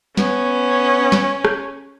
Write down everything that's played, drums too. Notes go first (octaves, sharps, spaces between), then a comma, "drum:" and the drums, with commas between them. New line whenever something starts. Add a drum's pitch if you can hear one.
B3 C#4, drum: snare
drum: snare
drum: rim click